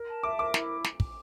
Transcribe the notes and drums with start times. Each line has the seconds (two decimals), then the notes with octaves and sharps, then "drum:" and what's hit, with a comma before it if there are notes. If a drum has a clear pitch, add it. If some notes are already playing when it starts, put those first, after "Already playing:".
Already playing: A#4
0.08 A5
0.23 E5 D6
0.38 A#4 D6
0.54 E4, drum: snare
0.84 drum: snare
1.00 drum: kick